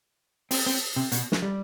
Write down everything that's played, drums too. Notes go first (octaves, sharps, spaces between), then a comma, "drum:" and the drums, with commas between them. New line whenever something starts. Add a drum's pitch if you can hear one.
C4, drum: open hi-hat
C4
C3
B2, drum: hi-hat
drum: snare
G3